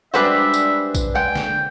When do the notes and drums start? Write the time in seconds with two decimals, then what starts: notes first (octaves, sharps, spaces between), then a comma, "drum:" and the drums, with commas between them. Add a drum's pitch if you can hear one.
0.14 G3 G#3 D4 F#4 B4 C5 E5
0.54 drum: tambourine
0.95 drum: kick A#1, tambourine
1.15 G#3 F#5 G5
1.36 drum: snare